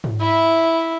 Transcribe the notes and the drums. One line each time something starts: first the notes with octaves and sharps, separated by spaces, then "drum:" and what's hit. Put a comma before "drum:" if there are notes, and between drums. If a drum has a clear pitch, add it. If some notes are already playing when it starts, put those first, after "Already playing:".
drum: tom G#2
E4 E5